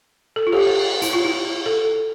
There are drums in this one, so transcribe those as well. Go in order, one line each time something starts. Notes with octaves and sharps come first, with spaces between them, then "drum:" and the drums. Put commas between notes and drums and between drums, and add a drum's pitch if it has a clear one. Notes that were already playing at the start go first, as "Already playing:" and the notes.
A4
F4
G4, drum: cymbal
E4, drum: hi-hat
F4
E4
A4